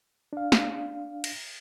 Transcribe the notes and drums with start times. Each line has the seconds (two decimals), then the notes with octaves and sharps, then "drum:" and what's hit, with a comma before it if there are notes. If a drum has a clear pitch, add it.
0.33 D4 F5
0.52 drum: snare
1.24 drum: cymbal